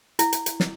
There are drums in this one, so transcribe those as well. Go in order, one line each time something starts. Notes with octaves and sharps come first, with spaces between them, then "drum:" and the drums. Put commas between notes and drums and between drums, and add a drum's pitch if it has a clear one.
E4, drum: hi-hat
drum: hi-hat
drum: hi-hat
drum: snare